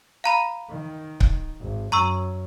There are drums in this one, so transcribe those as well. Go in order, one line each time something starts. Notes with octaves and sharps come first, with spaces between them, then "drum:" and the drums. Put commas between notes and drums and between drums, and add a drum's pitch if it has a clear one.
F5 A#5 B5
D#3
drum: kick C#1
G#1
F#2 A#5 C#6 E6